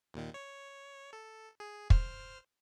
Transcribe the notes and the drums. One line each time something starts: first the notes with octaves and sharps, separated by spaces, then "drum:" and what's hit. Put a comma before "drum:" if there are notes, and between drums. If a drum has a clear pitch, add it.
D#2 A#2 D#3
C#5
A4
G#4
C5 F6, drum: kick